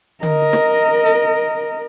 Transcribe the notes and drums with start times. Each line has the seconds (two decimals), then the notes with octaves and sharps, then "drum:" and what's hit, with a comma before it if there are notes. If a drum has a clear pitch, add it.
0.23 A#4 D#5, drum: tom D3
0.53 drum: snare
1.06 drum: hi-hat